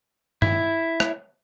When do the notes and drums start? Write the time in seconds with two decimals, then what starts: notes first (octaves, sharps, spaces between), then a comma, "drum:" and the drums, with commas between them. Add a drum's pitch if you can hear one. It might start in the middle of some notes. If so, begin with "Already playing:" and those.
0.42 E4, drum: tom G2
1.00 drum: rim click